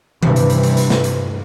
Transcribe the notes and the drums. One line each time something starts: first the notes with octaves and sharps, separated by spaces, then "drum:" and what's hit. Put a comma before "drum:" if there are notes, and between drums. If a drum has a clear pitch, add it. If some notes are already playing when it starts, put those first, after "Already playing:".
G2 C3 E3, drum: tom D#3
drum: hi-hat
drum: hi-hat
drum: hi-hat
drum: hi-hat
drum: snare
drum: hi-hat